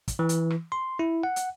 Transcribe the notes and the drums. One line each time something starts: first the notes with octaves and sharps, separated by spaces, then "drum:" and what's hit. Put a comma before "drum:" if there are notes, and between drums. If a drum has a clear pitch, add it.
drum: kick, hi-hat
E3
drum: hi-hat
drum: rim click
C6
E4
F#5
drum: hi-hat